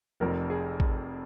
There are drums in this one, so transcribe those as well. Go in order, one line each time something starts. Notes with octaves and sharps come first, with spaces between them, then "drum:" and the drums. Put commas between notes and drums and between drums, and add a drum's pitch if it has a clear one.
F1 F2 F3 A#4
G#4
drum: kick